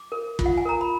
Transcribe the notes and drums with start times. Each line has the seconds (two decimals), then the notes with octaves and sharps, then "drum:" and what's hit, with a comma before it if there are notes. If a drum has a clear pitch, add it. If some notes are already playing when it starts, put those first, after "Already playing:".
Already playing: D6
0.12 A#4
0.39 F4, drum: kick
0.46 F#5
0.57 G#5
0.66 A#4 A#5
0.81 B5